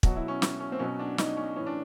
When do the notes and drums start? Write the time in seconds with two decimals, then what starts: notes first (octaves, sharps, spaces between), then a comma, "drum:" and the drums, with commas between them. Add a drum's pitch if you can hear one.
0.03 B2 F#3, drum: kick
0.16 E4
0.28 C#4
0.42 C#4, drum: snare
0.60 C#4
0.72 C4
0.79 B2 F#3 C#4
0.99 D4
1.18 D#4, drum: snare
1.37 C#4
1.56 A2 E3 C#4
1.67 D4